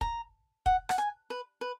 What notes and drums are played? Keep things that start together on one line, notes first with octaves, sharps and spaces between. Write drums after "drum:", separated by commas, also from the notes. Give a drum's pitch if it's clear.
A#5, drum: kick
F#5, drum: kick
F#5, drum: rim click
G#5
B4
B4